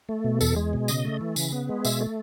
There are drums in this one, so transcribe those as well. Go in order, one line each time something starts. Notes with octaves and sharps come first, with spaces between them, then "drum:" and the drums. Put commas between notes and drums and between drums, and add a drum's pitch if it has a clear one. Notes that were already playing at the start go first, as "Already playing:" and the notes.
A3
B2
E2 A4, drum: tambourine
G#3
B2
C#3 D#5, drum: tambourine
A3
E3
C#3, drum: tambourine
B3
G#3
B2 E5, drum: tambourine
A3